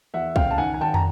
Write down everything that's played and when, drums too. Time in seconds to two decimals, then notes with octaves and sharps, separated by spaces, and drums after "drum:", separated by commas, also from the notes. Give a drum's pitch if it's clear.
0.14 E2 E5 F#5
0.36 C#3 F5 G5, drum: kick
0.51 A5
0.58 D#3 F#5 G#5
0.74 G#5
0.80 G#1 G5 A5
0.94 A#5, drum: tom